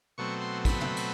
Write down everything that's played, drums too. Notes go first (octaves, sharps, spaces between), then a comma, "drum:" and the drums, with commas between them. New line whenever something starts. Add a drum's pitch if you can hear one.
B2 F#3 A3 C4 C#6
C6
B5, drum: kick, cymbal
drum: tom
drum: cymbal